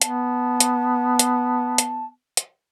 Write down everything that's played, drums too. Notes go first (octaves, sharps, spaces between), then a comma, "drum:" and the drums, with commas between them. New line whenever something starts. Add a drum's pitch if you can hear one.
B3 A5, drum: hi-hat
drum: hi-hat
drum: hi-hat
drum: hi-hat
drum: hi-hat